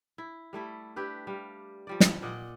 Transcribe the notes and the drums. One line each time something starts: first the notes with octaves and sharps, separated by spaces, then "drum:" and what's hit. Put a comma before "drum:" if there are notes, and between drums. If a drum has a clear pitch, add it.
E4
G3 A3 E4 A4
D4 E4 G4 B4
G3 F5
F3 G3 D5
drum: snare
A#2 D5 D#5 F#5